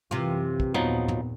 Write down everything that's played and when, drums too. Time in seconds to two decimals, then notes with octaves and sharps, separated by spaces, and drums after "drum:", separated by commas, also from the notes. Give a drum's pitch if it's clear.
0.11 F#2 C3 E3 F4
0.60 drum: kick
0.74 D#2 A#2 F3 F#3 B3 D#4
1.08 drum: tom